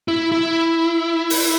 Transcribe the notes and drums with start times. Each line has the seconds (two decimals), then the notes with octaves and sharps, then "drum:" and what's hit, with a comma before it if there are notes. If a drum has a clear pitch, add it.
0.08 E4
0.32 E4
1.30 drum: open hi-hat